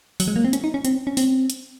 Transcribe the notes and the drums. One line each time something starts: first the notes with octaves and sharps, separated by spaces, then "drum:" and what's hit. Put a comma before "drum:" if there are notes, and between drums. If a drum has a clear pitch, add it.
F#3, drum: open hi-hat
G#3
A#3
C4
C#4, drum: hi-hat
D#4
C#4
C4, drum: hi-hat
C#4
C4, drum: open hi-hat
drum: hi-hat